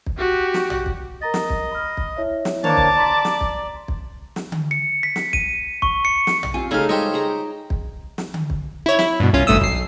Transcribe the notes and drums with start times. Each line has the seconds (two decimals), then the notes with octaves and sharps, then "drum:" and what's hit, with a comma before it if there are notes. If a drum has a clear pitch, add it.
0.06 drum: kick
0.18 F#4 G4
0.54 drum: snare
0.70 drum: tom A#1
0.86 drum: kick
1.21 A#4 D#5 A#5 A6
1.34 drum: snare
1.50 drum: kick
1.72 B5 F6
1.97 drum: kick
2.17 E4 C#5 E5
2.45 drum: snare
2.64 A#3 D4 C5 C#5 A5 D6 F7, drum: tom D3
2.77 drum: kick
2.96 D5 A#5 C6 B6
3.25 drum: snare
3.41 drum: kick
3.88 drum: kick
4.36 drum: snare
4.52 drum: tom D3
4.71 C#7
5.03 B6
5.16 drum: snare
5.33 D#7, drum: kick
5.82 C#6, drum: kick
6.05 C#7
6.27 drum: snare
6.43 drum: tom A#1
6.54 C4 F4 G4 G#5
6.71 C#3 A3 D#4 F4 G4 A4 F5 G#5
6.89 G3 G#3 G4 C5 C#5 D#5
7.14 G#4 G5 A#5
7.70 drum: kick
8.18 drum: snare
8.34 drum: tom D3
8.50 drum: kick
8.86 E4 C#5
8.99 E4, drum: snare
9.20 G2 B2
9.33 C2 C#4 F4
9.47 G#1 G2 A3 D#6 E6
9.61 B1 C7, drum: kick